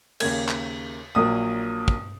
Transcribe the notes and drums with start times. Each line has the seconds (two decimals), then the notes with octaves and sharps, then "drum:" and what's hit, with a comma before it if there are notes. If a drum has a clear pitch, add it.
0.20 D#2 C#3 A#3 G#6, drum: cymbal
0.49 drum: clap
1.15 A#1 A#2 F#3 A#3 D#6
1.88 drum: kick